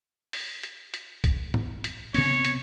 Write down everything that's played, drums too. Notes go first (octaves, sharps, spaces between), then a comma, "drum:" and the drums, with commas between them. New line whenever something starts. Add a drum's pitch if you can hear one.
drum: open hi-hat
drum: hi-hat
drum: hi-hat
drum: kick B1, hi-hat
drum: tom G#2
drum: hi-hat
C3 B3 C4 C#5, drum: open hi-hat
drum: hi-hat